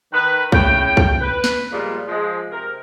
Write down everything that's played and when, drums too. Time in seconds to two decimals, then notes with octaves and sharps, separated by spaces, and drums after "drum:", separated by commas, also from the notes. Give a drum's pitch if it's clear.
0.12 D#3 B4
0.52 A2 C#3 G5, drum: kick B1
0.97 drum: kick B1
1.20 B4
1.44 drum: snare
1.71 A#2 F3 G3 G#3 F4
2.08 F3 G#3
2.50 C3 A#4